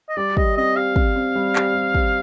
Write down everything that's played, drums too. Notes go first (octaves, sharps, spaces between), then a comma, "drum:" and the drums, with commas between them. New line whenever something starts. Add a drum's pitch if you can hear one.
D#5
G3 D5
G4 D#5, drum: kick
C4 D#5
G4 F5
C4, drum: kick
C4
G3
G4, drum: clap
G3
G4, drum: kick